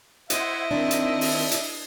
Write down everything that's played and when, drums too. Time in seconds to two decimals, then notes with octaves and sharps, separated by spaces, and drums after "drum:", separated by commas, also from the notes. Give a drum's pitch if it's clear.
0.30 E4 C5 D#5 E5 F#5 G#6, drum: hi-hat
0.71 D#3 C4 D4
0.91 drum: hi-hat
1.21 drum: open hi-hat
1.51 drum: hi-hat